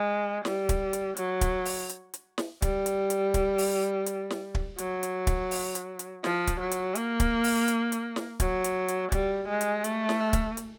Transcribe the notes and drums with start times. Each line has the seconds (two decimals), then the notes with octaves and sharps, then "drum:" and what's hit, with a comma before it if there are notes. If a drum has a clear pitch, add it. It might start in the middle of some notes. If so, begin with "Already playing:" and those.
Already playing: G#3
0.45 G3, drum: snare
0.69 drum: kick, hi-hat
0.93 drum: hi-hat
1.17 F#3, drum: hi-hat
1.41 drum: kick, hi-hat
1.65 drum: open hi-hat
1.89 drum: hi-hat
2.14 drum: hi-hat
2.38 drum: snare
2.62 G3, drum: kick, hi-hat
2.86 drum: hi-hat
3.10 drum: hi-hat
3.34 drum: kick, hi-hat
3.58 drum: open hi-hat
4.06 drum: hi-hat
4.30 drum: snare
4.55 drum: kick
4.78 F#3, drum: hi-hat
5.03 drum: hi-hat
5.27 drum: kick, hi-hat
5.51 drum: open hi-hat
5.75 drum: hi-hat
5.99 drum: hi-hat
6.24 F3, drum: snare
6.47 drum: kick, hi-hat
6.60 F#3
6.71 drum: hi-hat
6.95 A#3, drum: hi-hat
7.20 drum: kick, hi-hat
7.44 drum: open hi-hat
7.68 drum: hi-hat
7.92 drum: hi-hat
8.16 drum: snare
8.40 F#3, drum: kick, hi-hat
8.64 drum: hi-hat
8.88 drum: hi-hat
9.12 G3, drum: kick, hi-hat
9.48 G#3
9.61 drum: hi-hat
9.84 A3, drum: hi-hat
10.09 drum: snare
10.33 drum: kick, hi-hat
10.57 drum: hi-hat